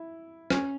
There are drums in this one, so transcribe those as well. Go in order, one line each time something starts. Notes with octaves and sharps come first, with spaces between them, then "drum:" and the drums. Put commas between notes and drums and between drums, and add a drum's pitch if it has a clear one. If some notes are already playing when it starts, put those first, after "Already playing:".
Already playing: E4
C#4, drum: rim click